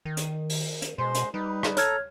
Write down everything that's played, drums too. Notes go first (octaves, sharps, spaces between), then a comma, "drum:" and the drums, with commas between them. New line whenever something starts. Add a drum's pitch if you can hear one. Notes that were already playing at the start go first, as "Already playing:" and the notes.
D#3
drum: hi-hat
drum: open hi-hat
drum: hi-hat
B2 G#3 C5 C6
drum: hi-hat
G3 D#4 B4
drum: rim click
A4 C#5 A#5 F6 G#6, drum: hi-hat